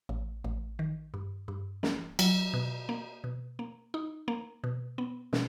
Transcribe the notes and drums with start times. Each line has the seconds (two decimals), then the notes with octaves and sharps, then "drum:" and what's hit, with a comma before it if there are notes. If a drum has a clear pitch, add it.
0.09 A1
0.44 A1
0.79 D#3
1.14 G2
1.48 G2
1.83 A#3, drum: snare
2.19 F#3, drum: cymbal
2.54 B2
2.89 A#3
3.24 B2
3.59 A#3
3.94 D#4
4.28 A#3
4.64 B2
4.98 B3
5.33 B2, drum: snare